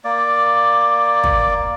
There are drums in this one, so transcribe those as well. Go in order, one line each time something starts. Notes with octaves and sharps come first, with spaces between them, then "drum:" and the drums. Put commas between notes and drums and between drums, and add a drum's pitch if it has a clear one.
A#3 D5
drum: kick